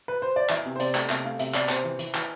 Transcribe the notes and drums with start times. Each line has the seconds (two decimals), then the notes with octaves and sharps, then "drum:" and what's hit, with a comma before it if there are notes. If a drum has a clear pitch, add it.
0.08 B4
0.22 C5
0.36 D5
0.49 E3 E5, drum: clap
0.65 C3
0.76 C5
0.80 C3 D5, drum: hi-hat
0.95 A3, drum: clap
1.10 C3 E5, drum: clap
1.25 A3 F5
1.39 C3 E5, drum: hi-hat
1.54 C3 D5, drum: clap
1.69 C3 C5, drum: clap
1.84 E3
1.99 E3, drum: hi-hat
2.15 E3, drum: clap